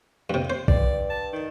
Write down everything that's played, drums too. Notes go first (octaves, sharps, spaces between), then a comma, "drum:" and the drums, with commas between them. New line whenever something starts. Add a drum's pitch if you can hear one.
G2 C3
C5
G2 D5, drum: kick A#1
A5
D#3